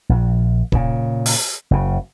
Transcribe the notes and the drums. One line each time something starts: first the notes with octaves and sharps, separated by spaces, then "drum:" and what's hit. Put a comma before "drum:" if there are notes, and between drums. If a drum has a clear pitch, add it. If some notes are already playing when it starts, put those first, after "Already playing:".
A#1
A#2 C#3, drum: kick D#1
drum: open hi-hat
F#1 C#3